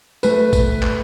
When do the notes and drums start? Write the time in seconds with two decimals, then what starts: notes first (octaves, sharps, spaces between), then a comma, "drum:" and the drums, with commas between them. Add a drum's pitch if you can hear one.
0.23 A3 B4, drum: tambourine
0.53 drum: kick A1, tambourine
0.83 drum: clap